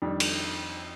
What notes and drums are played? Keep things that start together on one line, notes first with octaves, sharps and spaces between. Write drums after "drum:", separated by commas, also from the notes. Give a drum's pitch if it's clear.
F2 D#3 G3 D4
drum: cymbal